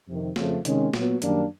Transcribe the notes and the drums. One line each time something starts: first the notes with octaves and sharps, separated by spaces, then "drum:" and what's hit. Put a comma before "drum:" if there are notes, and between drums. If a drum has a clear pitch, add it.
F2 C3 D#3
F2 C#3 F3 A3, drum: snare
C3 D#3 G#3 C#4, drum: hi-hat
A#2 F#3 B3, drum: snare
F#2 D#3 G3 A#3 D4, drum: hi-hat